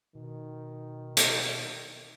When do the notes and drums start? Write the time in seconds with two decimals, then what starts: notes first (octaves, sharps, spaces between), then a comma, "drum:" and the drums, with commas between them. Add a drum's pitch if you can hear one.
0.15 B2 D#3
1.17 drum: hi-hat